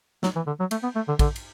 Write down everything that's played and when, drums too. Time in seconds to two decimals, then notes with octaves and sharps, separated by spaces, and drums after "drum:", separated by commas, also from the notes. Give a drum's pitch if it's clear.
0.23 F#3, drum: snare
0.36 E3
0.47 D3
0.59 F#3
0.71 A3, drum: cymbal
0.83 B3
0.95 A3
1.08 D3
1.19 D3, drum: kick, cymbal
1.36 drum: cymbal